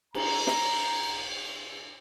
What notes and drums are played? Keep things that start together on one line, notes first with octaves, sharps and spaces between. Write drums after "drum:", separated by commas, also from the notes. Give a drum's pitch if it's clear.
A#5, drum: cymbal
drum: snare